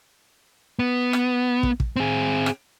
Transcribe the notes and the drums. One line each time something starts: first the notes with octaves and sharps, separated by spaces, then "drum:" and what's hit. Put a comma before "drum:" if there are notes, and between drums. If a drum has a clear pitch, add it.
B3
drum: rim click
drum: kick
drum: kick
C4 G#4
drum: rim click